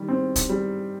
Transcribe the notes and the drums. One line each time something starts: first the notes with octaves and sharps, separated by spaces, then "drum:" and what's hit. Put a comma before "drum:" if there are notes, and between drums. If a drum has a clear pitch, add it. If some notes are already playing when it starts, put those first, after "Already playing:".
Already playing: D#3 G3
C4
drum: kick D1, hi-hat
G3